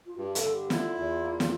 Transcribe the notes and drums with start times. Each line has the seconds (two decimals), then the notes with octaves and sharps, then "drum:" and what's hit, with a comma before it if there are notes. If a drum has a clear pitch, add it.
0.06 F4
0.17 G2 G4
0.35 A4, drum: hi-hat
0.44 D3
0.52 G4
0.70 E4 F4, drum: snare
0.96 E2
1.23 A#3
1.40 drum: snare